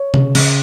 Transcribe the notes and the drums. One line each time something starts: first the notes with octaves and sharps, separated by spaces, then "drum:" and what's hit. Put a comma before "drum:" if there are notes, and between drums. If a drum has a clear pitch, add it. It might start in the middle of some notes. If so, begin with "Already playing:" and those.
Already playing: C#5
C#3, drum: tom C3
C#3, drum: cymbal